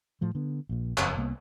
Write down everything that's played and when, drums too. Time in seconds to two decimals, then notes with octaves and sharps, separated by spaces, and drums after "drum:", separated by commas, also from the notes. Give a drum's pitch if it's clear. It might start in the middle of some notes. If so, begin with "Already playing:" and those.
0.21 A2 F3 A3
0.35 D3 B3
0.69 A#1 A#2
0.97 F#1 F2, drum: clap
1.17 C2 A#3 B3